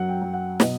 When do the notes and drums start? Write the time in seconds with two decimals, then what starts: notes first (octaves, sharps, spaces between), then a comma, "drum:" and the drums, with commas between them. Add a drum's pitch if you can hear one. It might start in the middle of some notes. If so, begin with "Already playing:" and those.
Already playing: F#2 F#3 F#5
0.09 G5
0.22 F#3
0.34 F#5
0.60 B2 D#5, drum: snare